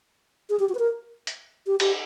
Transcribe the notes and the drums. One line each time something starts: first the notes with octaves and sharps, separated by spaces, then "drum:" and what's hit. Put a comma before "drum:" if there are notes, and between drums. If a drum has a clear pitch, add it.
G#4
G4
F#4
B4
A#4
drum: hi-hat
G4
G4, drum: cymbal